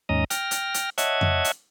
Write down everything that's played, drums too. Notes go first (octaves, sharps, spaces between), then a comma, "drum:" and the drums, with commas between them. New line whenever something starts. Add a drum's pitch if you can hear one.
D#2 G#2 C#4 D#5 A#5 D#6
G5 F6 A#6, drum: hi-hat
drum: hi-hat
drum: hi-hat
C#5 D#5 E5 F#5 A5 G#6, drum: hi-hat
drum: tom F2
drum: hi-hat